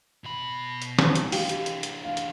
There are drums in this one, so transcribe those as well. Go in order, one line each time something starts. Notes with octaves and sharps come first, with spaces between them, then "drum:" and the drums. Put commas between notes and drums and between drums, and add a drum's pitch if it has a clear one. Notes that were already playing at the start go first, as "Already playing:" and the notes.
B2 B5
drum: hi-hat
drum: snare
drum: hi-hat
E3 D4 G4 F5 G5, drum: open hi-hat
drum: hi-hat
drum: hi-hat
drum: hi-hat
F5
drum: hi-hat